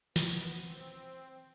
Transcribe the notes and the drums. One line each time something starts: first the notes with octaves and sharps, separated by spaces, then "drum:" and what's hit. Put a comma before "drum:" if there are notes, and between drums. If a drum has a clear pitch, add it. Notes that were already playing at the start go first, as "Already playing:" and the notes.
B3, drum: snare
C4